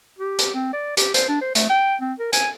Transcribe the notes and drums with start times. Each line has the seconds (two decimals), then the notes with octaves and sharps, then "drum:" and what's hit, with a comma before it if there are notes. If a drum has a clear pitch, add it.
0.18 G4
0.39 drum: hi-hat
0.55 C4
0.73 D5
0.97 G4, drum: hi-hat
1.14 C5, drum: hi-hat
1.29 D4
1.42 C5
1.55 A3, drum: hi-hat
1.70 G5
2.01 C4
2.19 A#4
2.33 G#5, drum: hi-hat